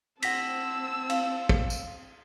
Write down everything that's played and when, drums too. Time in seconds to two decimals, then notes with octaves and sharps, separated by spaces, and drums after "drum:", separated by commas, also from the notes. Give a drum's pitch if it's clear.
0.23 C4 F#5 A5 E6 A#6 B6, drum: cymbal
1.10 F5, drum: cymbal
1.49 drum: kick
1.70 drum: tambourine